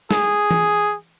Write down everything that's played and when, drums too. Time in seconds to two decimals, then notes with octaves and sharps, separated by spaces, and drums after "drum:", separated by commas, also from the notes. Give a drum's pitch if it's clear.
0.11 G#4, drum: snare
0.51 drum: tom E3